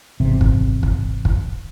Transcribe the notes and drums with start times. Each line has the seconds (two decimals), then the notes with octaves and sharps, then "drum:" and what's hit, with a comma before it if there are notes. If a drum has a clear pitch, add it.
0.20 G#1 E2 C3
0.41 drum: kick
0.83 drum: kick
1.25 drum: kick